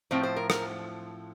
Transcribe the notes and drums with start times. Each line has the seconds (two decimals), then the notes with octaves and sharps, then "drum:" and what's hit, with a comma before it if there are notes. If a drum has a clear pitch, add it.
0.11 A2 F3 C4 C5
0.23 C5
0.36 A#4
0.50 A#4, drum: rim click